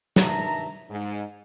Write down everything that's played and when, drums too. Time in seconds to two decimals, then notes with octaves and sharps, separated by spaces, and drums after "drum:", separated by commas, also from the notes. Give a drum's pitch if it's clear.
0.16 G2 D#3 E5 A5 A#5, drum: snare
0.90 G#2